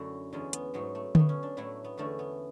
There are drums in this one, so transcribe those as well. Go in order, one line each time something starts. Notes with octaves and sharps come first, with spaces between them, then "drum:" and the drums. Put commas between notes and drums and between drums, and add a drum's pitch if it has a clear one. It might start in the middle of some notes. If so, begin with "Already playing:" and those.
Already playing: F#2 D3 A3 D4 E4 F#4
E2 D3 G#3 C#4
B3, drum: hi-hat
G#2 F#3 A3 B3
A3
B2 A3 B3, drum: tom D3
C#4
D4
A2 F#3 A3 E4
B3
E2 D3 A3 C#4
B3